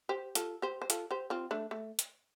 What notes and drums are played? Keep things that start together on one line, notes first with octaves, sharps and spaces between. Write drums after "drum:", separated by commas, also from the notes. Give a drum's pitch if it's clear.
G4 C5
F4 A4, drum: hi-hat
G4 C5
C5
F4 A4, drum: hi-hat
G4 C5
C4 F4
A3 D4
A3
drum: hi-hat